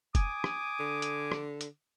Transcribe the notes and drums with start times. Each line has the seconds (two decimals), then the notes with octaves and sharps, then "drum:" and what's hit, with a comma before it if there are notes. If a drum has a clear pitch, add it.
0.15 G#5 D6 D#6, drum: kick F1, hi-hat
0.44 drum: rim click
0.80 D3
1.02 drum: hi-hat
1.32 drum: rim click
1.61 drum: hi-hat